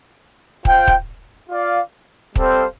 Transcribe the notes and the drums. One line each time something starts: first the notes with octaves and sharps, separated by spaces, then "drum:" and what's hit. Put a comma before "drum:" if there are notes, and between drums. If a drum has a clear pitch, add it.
F4 C5 G5, drum: kick
drum: kick
F4 D5 F5
G3 C4 A4 C5 F5, drum: kick